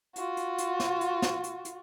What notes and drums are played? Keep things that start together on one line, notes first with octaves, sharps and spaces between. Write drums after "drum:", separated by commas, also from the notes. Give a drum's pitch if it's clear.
F4 F#4, drum: hi-hat
drum: hi-hat
drum: hi-hat
drum: snare
drum: hi-hat
drum: snare
drum: hi-hat
drum: hi-hat